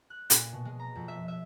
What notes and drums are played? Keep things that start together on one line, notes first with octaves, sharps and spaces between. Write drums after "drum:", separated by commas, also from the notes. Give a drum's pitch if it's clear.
F#6
A#2, drum: hi-hat
B2
G#3
A#5
F2
E5
E5